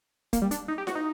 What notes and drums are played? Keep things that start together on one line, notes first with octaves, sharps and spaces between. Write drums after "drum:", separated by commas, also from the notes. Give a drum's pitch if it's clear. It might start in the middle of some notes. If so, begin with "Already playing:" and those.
A#3, drum: kick, hi-hat
G3
D4, drum: hi-hat
D#4
G4
F#4, drum: snare E4
D#4